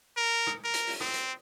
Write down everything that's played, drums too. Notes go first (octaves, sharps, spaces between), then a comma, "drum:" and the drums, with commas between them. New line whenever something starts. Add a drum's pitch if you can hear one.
A#4
drum: rim click
A#4
drum: hi-hat
drum: open hi-hat
C4, drum: rim click
drum: hi-hat